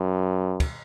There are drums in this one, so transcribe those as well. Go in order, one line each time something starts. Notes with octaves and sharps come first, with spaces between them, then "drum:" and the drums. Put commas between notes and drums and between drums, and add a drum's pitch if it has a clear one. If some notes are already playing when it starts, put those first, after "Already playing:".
Already playing: F#2
drum: kick, cymbal